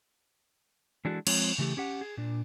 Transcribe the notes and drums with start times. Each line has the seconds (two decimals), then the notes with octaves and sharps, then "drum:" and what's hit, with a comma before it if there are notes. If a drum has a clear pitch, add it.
1.05 E3 G#3 D4 E4 F#4 A4
1.27 F3 G#3 C4 F4 C#5, drum: cymbal
1.58 C#3 E3 A3 G4
1.77 C#4 G4 F#5
2.01 G#4
2.17 A#2 D4